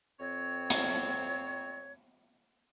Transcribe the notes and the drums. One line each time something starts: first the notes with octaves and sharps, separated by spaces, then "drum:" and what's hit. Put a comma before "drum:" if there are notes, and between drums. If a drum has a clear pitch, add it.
F2 C4 C#5
drum: hi-hat